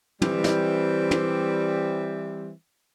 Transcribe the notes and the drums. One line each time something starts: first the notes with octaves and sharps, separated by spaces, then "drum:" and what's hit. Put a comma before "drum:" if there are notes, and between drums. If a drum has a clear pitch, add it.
E3 G3 C4, drum: tom
drum: snare
drum: tom